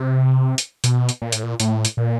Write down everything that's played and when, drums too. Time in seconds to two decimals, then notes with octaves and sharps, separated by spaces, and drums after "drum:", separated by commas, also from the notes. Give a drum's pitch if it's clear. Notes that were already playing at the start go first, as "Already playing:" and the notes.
Already playing: C3
0.58 drum: hi-hat
0.84 B2, drum: hi-hat
1.09 drum: hi-hat
1.22 A#2
1.32 A2, drum: hi-hat
1.43 A#2
1.60 A2, drum: hi-hat
1.85 drum: hi-hat
1.97 A#2